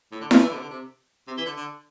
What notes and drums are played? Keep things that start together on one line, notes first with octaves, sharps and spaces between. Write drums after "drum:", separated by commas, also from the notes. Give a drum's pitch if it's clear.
A2
D3
F3, drum: snare E4
E3
D3
C3
D3
C3
C3
E3
D3
D3